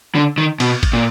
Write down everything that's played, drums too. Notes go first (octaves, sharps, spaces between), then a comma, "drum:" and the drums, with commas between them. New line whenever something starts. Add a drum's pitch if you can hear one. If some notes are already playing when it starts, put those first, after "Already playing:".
D3
D#3
B2, drum: cymbal
drum: kick G#1, cymbal
A#2